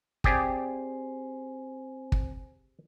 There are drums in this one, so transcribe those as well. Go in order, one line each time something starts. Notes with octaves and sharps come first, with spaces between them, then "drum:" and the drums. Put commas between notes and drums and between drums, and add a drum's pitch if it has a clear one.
C4 G4 G#4 C5 D5 G#5, drum: kick
drum: kick